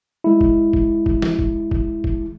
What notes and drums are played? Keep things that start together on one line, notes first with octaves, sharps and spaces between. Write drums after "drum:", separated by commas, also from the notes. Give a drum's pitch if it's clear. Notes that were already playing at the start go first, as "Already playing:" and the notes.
G#3 E4
drum: kick
drum: kick
drum: kick
drum: snare
drum: kick
drum: kick
drum: kick